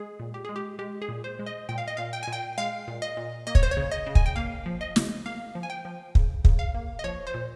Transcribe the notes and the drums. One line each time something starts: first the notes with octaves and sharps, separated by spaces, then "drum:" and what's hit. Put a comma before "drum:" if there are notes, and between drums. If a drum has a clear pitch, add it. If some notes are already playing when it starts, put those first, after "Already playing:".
Already playing: G#3 G#4
A#2
G4
G#3 G#4
G4
G#3 G4
G#4
A#2
C5
G#3
D#5
A#2 G5
F5
D#5
A#2 F5
G5
G#5
A#2 G5
G#3 F5
A#2
D#5
A#2
A#3 D#5
C#5, drum: kick
C5
C#5
C#3
D#5
C#3
G#5, drum: kick
G5
A#3 F5
F3
D#5
C#3, drum: snare
A#3 F5
F3
G#5
G5
F3
C#3, drum: kick
C#3, drum: kick
F5
A#3
D#5
F3 C#5
C5
A#2